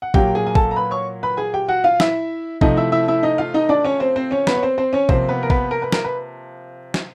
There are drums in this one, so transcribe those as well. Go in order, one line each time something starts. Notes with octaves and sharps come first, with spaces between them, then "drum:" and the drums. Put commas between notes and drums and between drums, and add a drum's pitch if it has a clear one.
F#5
A#2 F#3 A#3 G4 G5, drum: kick
G#4 G#5
G#5
A4 A5, drum: kick
A#5
B4 B5
C#5 C#6
B4 B5
G#4 G#5
G4 G5
F#4 F#5
F4 F5
E4 E5, drum: snare
C3 F3 A3 D#4 D#5, drum: kick
E4 E5
E4 E5
E4 E5
D#4 D#5
F4 F5
D#4 D#5
D4 D5
C#4 C#5
C4 C5
C4 C5
C#4 C#5
B3 B4, drum: snare
C#5
C4 C5
C4 C5
C#4 C#5
C3 F3 A#3 C4 C5, drum: kick
B3 B4
A#4
B3 B4, drum: kick
A#4
B4
A#4, drum: snare
B4
drum: snare